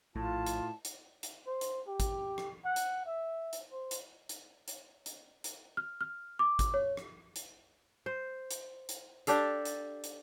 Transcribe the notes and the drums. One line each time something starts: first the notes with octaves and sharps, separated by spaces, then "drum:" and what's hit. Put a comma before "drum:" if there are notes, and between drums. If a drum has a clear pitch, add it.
A#1 A2 F4 A5
drum: hi-hat
drum: hi-hat
drum: hi-hat
C5
drum: hi-hat
G4
drum: kick, hi-hat
drum: rim click
F#5
drum: hi-hat
E5
drum: hi-hat
C5
drum: hi-hat
drum: hi-hat
drum: hi-hat
drum: hi-hat
drum: hi-hat
F6
F6
D6
drum: kick, hi-hat
C#5
drum: rim click
drum: hi-hat
C5
drum: hi-hat
drum: hi-hat
D4 G4 A4 F5, drum: hi-hat
drum: hi-hat
drum: hi-hat